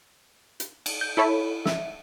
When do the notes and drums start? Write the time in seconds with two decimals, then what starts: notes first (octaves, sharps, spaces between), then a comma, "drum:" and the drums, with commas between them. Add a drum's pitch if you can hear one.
0.60 drum: hi-hat
0.86 drum: cymbal
1.01 G6
1.17 E4 A4 C#5 B5
1.65 E5, drum: snare